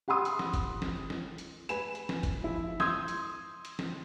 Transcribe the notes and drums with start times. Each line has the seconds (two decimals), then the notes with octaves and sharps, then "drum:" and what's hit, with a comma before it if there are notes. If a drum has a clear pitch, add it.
0.08 G4 F#5 B5 C6 D#6
0.25 drum: hi-hat
0.39 drum: snare
0.54 drum: kick, hi-hat
0.82 drum: snare
1.10 drum: snare
1.38 drum: hi-hat
1.69 B4 G#5 E7, drum: hi-hat
1.95 drum: hi-hat
2.09 drum: snare
2.23 drum: kick, hi-hat
2.43 F3 E4
2.80 C6 D#6 E6 G6 G#6, drum: snare
3.08 drum: hi-hat
3.65 drum: hi-hat
3.79 drum: snare